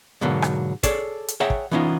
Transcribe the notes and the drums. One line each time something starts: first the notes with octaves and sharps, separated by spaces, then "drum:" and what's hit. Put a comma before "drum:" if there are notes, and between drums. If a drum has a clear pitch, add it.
G#2 B2 D3 F#3 A#3
drum: rim click
G#4 A4 C#5 D5, drum: kick, hi-hat
drum: hi-hat
G#4 C#5 E5 F#5 G5 A#5
drum: kick
E3 B3 C#4 D#4 F4